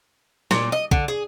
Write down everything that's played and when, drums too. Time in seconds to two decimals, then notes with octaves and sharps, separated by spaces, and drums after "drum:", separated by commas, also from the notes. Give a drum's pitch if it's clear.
0.51 A#2, drum: snare
0.72 D#5
0.91 D3, drum: kick B1
1.08 G#4